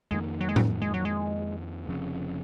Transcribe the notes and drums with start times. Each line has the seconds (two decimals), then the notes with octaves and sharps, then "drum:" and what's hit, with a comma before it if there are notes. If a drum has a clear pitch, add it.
0.11 F2 D#3 G#3 A#3
0.41 F#3
0.49 G#3
0.56 F#3, drum: tom A2
0.82 G#3
0.94 F#3
1.05 G#3
1.87 F1 F2 C#3